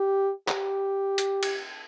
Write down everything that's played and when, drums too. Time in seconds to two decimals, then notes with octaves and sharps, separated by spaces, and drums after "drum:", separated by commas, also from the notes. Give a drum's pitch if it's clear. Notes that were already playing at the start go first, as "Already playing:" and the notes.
Already playing: G4
0.48 G4, drum: clap
1.18 drum: hi-hat
1.43 drum: cymbal